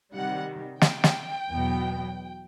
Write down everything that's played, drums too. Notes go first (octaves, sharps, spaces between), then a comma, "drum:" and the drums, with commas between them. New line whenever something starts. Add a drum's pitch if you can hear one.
C3 D#3 G3 F#5
G5, drum: snare
drum: snare
E2 B2 F#3 B3